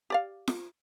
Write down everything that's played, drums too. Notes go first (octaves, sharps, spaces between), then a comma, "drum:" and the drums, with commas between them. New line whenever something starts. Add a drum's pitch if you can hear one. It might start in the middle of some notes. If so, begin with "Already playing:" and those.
G4 D5 F5
drum: snare F4